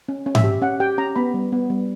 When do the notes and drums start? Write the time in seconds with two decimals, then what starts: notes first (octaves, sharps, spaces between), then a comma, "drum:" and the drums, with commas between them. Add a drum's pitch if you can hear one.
0.08 C#4
0.26 C#4
0.35 E5, drum: tom G#2
0.44 G4
0.62 C#4 F#5
0.80 G4 G5
0.98 C#4 A#5
1.16 B3 B5
1.34 G3
1.52 B3
1.70 G3